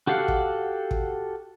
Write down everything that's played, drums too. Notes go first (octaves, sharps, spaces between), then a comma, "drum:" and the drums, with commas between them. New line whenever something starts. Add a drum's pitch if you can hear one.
F#4 G4 A4 F5 F#5
drum: kick
drum: kick